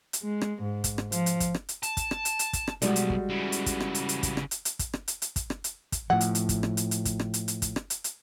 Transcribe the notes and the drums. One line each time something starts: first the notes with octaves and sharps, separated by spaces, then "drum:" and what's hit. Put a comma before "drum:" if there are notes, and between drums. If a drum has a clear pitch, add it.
drum: hi-hat
G#3
drum: rim click
G#2
drum: kick, hi-hat
drum: rim click
F3, drum: hi-hat
drum: hi-hat
drum: kick, hi-hat
drum: rim click
drum: hi-hat
A5, drum: hi-hat
drum: kick, hi-hat
drum: rim click
drum: hi-hat
drum: hi-hat
drum: kick, hi-hat
drum: rim click
B1 G3 G#3 F#4, drum: hi-hat
drum: hi-hat
drum: kick
C#3 E3
drum: hi-hat
drum: kick, hi-hat
drum: rim click
drum: hi-hat
drum: hi-hat
drum: kick, hi-hat
drum: rim click
drum: hi-hat
drum: hi-hat
drum: kick, hi-hat
drum: rim click
drum: hi-hat
drum: hi-hat
drum: kick, hi-hat
drum: rim click
drum: hi-hat
drum: kick, hi-hat
A2 F3 F#5
drum: hi-hat
drum: hi-hat
drum: kick, hi-hat
drum: rim click
drum: hi-hat
drum: hi-hat
drum: kick, hi-hat
drum: rim click
drum: hi-hat
drum: hi-hat
drum: kick, hi-hat
drum: rim click
drum: hi-hat
drum: hi-hat